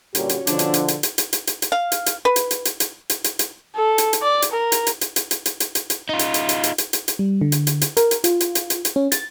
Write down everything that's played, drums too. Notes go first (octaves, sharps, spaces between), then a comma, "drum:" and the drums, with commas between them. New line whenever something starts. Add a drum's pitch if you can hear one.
A#2 D3 G3 C#4 F#4 G4 C#5, drum: hi-hat
drum: hi-hat
B2 D3 F3 D4, drum: hi-hat
drum: hi-hat
drum: hi-hat
drum: hi-hat
drum: hi-hat
drum: hi-hat
drum: hi-hat
drum: hi-hat
drum: hi-hat
F5
drum: hi-hat
drum: hi-hat
B4
drum: hi-hat
drum: hi-hat
drum: hi-hat
drum: hi-hat
drum: hi-hat
drum: hi-hat
drum: hi-hat
A4
drum: hi-hat
drum: hi-hat
D5
drum: hi-hat
A#4
drum: hi-hat
drum: hi-hat
drum: hi-hat
drum: hi-hat
drum: hi-hat
drum: hi-hat
drum: hi-hat
drum: hi-hat
drum: hi-hat
D#4 F4
drum: hi-hat
drum: hi-hat
drum: hi-hat
drum: hi-hat
drum: hi-hat
drum: hi-hat
drum: hi-hat
G3
D3
drum: hi-hat
drum: hi-hat
drum: hi-hat
A#4, drum: hi-hat
drum: hi-hat
F4, drum: hi-hat
drum: hi-hat
drum: hi-hat
drum: hi-hat
drum: hi-hat
C#4
A6, drum: hi-hat